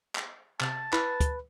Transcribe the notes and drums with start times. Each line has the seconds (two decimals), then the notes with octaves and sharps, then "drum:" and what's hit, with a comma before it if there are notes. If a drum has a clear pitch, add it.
0.15 drum: clap
0.60 C3 A5, drum: clap
0.93 E4 B4, drum: clap
1.20 drum: kick, hi-hat